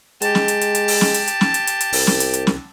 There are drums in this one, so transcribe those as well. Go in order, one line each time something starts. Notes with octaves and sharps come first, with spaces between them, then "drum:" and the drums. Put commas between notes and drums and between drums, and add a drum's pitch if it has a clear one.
G#3 G4 A5, drum: hi-hat
drum: snare
drum: hi-hat
drum: hi-hat
drum: hi-hat
drum: open hi-hat
drum: snare
drum: hi-hat
drum: hi-hat
drum: snare
drum: hi-hat
drum: hi-hat
drum: hi-hat
C2, drum: open hi-hat
drum: snare
drum: hi-hat
drum: hi-hat
drum: snare